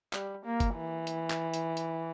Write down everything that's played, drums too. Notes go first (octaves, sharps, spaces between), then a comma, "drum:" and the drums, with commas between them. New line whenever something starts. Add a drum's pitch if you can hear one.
G3, drum: clap
A#3
drum: kick F#1, hi-hat
E3
drum: hi-hat
drum: clap
drum: hi-hat
drum: hi-hat